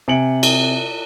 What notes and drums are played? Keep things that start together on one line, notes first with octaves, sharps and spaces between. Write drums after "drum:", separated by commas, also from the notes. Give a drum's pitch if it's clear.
C3 G#5 C#7 D7 F#7
drum: cymbal